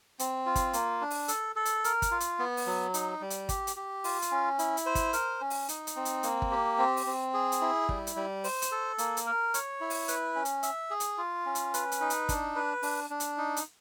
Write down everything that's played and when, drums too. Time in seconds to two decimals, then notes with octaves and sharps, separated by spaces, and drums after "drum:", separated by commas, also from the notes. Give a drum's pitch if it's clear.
0.19 C4, drum: hi-hat
0.46 F4
0.55 drum: kick, hi-hat
0.73 A#3, drum: hi-hat
1.01 D4
1.10 drum: open hi-hat
1.28 A4, drum: hi-hat
1.56 A4
1.65 drum: hi-hat
1.84 A#4, drum: hi-hat
2.02 drum: kick, hi-hat
2.11 F4
2.20 drum: hi-hat
2.39 B3
2.57 drum: open hi-hat
2.66 F#3
2.94 D#4, drum: hi-hat
3.21 G3
3.30 drum: hi-hat
3.49 G4, drum: kick, hi-hat
3.67 drum: hi-hat
3.76 G4
4.04 F4, drum: open hi-hat
4.22 drum: hi-hat
4.31 C#4
4.59 E4, drum: hi-hat
4.77 drum: hi-hat
4.86 C5
4.95 drum: kick, hi-hat
5.13 A#4, drum: hi-hat
5.41 C#4
5.50 drum: open hi-hat
5.69 D#4, drum: hi-hat
5.87 drum: hi-hat
5.96 C4
6.05 drum: hi-hat
6.23 A#3, drum: hi-hat
6.42 drum: kick
6.51 G4
6.78 C4
6.97 drum: open hi-hat
7.06 C4
7.34 G#4
7.52 drum: hi-hat
7.62 E4
7.89 G3, drum: kick
8.07 drum: hi-hat
8.16 G3
8.44 C5, drum: open hi-hat
8.62 drum: hi-hat
8.72 A4
8.98 A#3, drum: hi-hat
9.17 drum: hi-hat
9.26 A#4
9.54 C#5, drum: hi-hat
9.81 E4
9.90 drum: open hi-hat
10.08 B4, drum: hi-hat
10.35 C#4
10.45 drum: hi-hat
10.63 E5, drum: hi-hat
10.91 G#4
11.00 drum: hi-hat
11.18 F4
11.46 C#4
11.55 drum: hi-hat
11.74 B4, drum: hi-hat
11.92 drum: hi-hat
12.01 D#4
12.10 drum: hi-hat
12.29 D4, drum: kick, hi-hat
12.56 B4
12.83 D4, drum: open hi-hat
13.10 D4
13.20 drum: hi-hat
13.38 D#4
13.57 drum: hi-hat